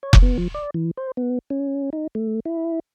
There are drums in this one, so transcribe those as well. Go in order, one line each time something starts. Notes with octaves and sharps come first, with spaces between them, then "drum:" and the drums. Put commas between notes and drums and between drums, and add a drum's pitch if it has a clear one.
C#5
drum: kick F1
B3
F3
D5
E3
C5
B3
C#4
D#4
A3
E4